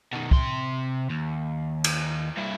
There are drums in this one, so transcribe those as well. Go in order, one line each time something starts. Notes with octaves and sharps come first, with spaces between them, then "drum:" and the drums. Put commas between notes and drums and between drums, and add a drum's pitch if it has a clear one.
B2 D#3
C3 C6, drum: kick
D#2
drum: cymbal
G2 E4